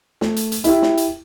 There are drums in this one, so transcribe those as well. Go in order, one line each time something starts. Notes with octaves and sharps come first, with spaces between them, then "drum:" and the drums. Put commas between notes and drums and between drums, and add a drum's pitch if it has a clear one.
A3, drum: snare
drum: hi-hat
drum: hi-hat
E4 G4, drum: hi-hat
drum: snare
drum: hi-hat